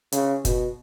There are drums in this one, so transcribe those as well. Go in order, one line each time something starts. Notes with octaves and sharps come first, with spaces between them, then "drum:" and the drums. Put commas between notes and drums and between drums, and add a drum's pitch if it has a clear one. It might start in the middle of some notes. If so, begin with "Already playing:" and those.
C#3, drum: hi-hat
B2, drum: kick, hi-hat